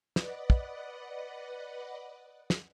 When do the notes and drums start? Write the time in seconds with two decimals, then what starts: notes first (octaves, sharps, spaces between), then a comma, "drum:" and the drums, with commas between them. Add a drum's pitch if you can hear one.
0.16 B4 D5 D#5 F#5, drum: snare
0.50 drum: kick
2.50 drum: snare